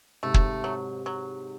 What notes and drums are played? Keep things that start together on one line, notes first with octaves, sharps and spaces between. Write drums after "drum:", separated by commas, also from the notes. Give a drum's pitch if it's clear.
G#2 C3 A3
drum: kick
F#3
F#3